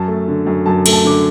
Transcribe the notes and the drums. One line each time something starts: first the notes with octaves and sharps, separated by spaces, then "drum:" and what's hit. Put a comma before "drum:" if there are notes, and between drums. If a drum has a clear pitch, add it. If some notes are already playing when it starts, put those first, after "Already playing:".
Already playing: F#2 A5
A3
D3
F#2
F#2 A5
A3, drum: cymbal
A5
D3 D6